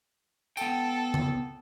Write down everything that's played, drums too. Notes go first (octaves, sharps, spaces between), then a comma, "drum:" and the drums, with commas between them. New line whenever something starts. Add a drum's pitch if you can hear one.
B3 A4 G5, drum: tambourine
drum: tom C#3